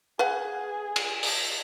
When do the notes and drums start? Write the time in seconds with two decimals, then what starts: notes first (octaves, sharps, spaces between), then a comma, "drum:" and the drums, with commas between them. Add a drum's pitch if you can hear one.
0.19 G#4 B4 F5 F#5
0.96 drum: cymbal
1.23 drum: open hi-hat